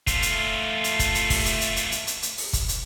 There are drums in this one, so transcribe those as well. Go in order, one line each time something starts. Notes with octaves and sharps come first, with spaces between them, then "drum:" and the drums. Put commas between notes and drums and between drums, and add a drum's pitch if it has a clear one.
A3 F4, drum: kick, hi-hat
drum: hi-hat
drum: hi-hat
drum: kick, hi-hat
drum: hi-hat
drum: kick, open hi-hat
drum: hi-hat
drum: hi-hat
drum: hi-hat
drum: hi-hat
drum: hi-hat
drum: hi-hat
drum: open hi-hat
drum: kick, hi-hat
drum: hi-hat